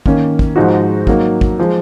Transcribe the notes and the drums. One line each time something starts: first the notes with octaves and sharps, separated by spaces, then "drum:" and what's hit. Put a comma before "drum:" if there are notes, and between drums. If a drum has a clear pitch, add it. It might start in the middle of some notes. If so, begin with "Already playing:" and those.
D#3 A#3 C#4, drum: kick
drum: kick
G#2 F3 G#3 D#4 F#4
F#3 A#3 D#4, drum: kick
drum: kick
F3 G#3